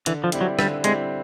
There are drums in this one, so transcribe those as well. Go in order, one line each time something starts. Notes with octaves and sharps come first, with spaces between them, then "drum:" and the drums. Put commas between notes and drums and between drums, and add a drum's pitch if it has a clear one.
D3 E3, drum: hi-hat
F3
G3 C4 E4 G4, drum: hi-hat
F#3
D3 G3, drum: rim click
G3 G#3 C4 E4 G4, drum: hi-hat